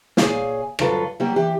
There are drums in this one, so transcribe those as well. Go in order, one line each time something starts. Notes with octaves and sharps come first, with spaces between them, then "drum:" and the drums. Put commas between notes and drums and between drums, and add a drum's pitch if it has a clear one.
A#2 G#3 G#4 C#5 F5 G#5, drum: snare
D2 G2 F#3 F4 A4 B4, drum: rim click
F#3 G3 A#3 G4
E3 G4